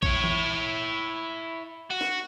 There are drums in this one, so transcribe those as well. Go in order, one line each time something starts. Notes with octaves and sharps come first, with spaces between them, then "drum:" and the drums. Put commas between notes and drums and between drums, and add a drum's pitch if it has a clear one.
E4 C#5, drum: kick A#1
drum: tom E3
F#4
drum: snare